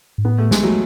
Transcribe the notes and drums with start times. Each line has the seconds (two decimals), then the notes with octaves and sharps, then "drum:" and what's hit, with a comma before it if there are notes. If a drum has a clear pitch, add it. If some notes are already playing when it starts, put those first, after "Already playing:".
0.18 G#2
0.25 A2 B3
0.38 A3
0.51 G#3, drum: snare
0.63 F#3 A3